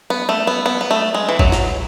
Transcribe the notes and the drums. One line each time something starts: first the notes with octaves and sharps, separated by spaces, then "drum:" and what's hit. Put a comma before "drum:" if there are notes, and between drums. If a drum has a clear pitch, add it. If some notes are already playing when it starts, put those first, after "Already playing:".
B3
A3
B3
B3
B3
A3
G#3
E3
F#3, drum: kick
drum: snare